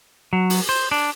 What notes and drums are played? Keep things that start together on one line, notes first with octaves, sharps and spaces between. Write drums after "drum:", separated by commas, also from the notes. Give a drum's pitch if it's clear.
F#3
drum: open hi-hat
C5
D4